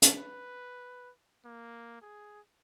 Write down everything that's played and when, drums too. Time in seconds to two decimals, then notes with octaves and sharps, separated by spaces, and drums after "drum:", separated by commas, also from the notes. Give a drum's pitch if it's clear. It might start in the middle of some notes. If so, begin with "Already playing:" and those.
0.02 drum: hi-hat
0.18 B4
1.45 A#3
2.02 G#4